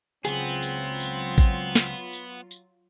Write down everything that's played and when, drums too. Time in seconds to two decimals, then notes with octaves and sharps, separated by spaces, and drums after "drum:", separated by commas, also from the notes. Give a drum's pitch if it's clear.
0.25 C#2 F#3 B3 C4 F4 G#4, drum: tambourine
0.62 drum: tambourine
1.00 drum: tambourine
1.38 drum: kick A1, tambourine
1.75 drum: snare
2.13 drum: tambourine
2.51 drum: tambourine